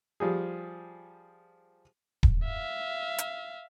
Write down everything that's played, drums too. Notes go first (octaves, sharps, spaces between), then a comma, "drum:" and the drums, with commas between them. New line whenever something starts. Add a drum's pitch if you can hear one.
F3 G3 G#4
drum: kick D#1
E5 F5
drum: hi-hat